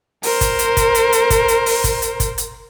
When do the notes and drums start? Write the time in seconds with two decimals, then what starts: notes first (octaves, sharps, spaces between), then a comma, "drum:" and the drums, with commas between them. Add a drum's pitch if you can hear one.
0.23 A#4 C5, drum: open hi-hat
0.41 drum: kick, hi-hat
0.59 drum: hi-hat
0.77 drum: kick, hi-hat
0.95 drum: hi-hat
1.12 drum: hi-hat
1.30 drum: kick, hi-hat
1.48 drum: hi-hat
1.66 drum: open hi-hat
1.84 drum: kick, hi-hat
2.02 drum: hi-hat
2.20 drum: kick, hi-hat
2.38 drum: hi-hat